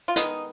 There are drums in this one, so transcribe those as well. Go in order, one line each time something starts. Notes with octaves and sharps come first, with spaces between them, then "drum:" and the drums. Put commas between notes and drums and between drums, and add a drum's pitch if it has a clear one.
F4
D#3 G#3 B3 D#4, drum: hi-hat